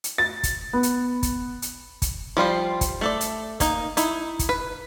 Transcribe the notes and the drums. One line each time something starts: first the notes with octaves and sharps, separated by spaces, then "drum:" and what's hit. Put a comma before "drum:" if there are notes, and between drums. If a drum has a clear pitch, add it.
drum: hi-hat
A6
drum: kick, hi-hat
B3
drum: hi-hat
drum: kick, hi-hat
drum: hi-hat
drum: kick, hi-hat
F3 G3 F4 C5
drum: kick, hi-hat
A3 A4 D5
drum: hi-hat
A#3 D#4, drum: kick, hi-hat
D#4 E4, drum: hi-hat
drum: kick, hi-hat
B4